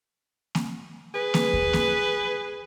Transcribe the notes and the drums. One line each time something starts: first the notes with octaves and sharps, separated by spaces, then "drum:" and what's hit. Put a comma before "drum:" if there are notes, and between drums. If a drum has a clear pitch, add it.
drum: snare A#3
G#4 B4
drum: snare A#3
drum: kick D#2
drum: snare A#3